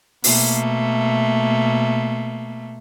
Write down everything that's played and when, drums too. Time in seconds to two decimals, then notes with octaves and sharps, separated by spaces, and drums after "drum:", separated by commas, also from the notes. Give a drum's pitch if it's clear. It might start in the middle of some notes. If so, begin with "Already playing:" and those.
0.24 B2 A3 A#3, drum: open hi-hat